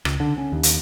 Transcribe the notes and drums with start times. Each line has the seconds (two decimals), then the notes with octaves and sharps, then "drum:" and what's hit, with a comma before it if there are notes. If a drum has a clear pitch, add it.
0.05 C#2, drum: rim click
0.20 D3
0.38 C#4
0.52 D#2
0.63 drum: hi-hat